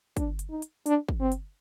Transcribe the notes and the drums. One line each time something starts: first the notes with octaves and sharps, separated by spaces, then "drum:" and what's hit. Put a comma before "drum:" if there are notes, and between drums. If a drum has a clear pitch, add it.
D4, drum: kick, hi-hat
drum: hi-hat
D#4
drum: hi-hat
D4, drum: hi-hat
drum: kick
C4
drum: hi-hat